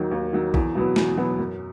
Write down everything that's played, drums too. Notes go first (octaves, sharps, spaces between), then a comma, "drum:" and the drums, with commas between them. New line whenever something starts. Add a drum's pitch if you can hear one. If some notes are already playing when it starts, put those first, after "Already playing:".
Already playing: D#2 D#3 F#3
D#2
D#3 F#3
E2, drum: kick
B2 F#3 B3
E2, drum: snare
B2 F#3 B3
F#2